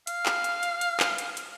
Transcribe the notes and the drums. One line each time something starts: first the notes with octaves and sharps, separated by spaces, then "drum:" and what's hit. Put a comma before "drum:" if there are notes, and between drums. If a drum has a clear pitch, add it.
F5, drum: hi-hat
drum: clap
drum: hi-hat
drum: hi-hat
drum: hi-hat
drum: clap
drum: hi-hat
drum: hi-hat